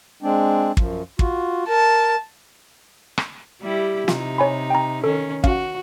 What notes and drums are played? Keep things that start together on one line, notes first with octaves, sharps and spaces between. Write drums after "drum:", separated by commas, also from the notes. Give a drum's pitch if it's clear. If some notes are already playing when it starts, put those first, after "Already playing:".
G#3 C4 D4
F#2 F3, drum: kick
F4 F#4, drum: kick
A#4 A5
drum: rim click
G3 E4 G4
C3 D#4 F4, drum: snare
C#5 G#5 B5
G5 A#5
D#3 C#4 A4
C#4 F#4 F5, drum: kick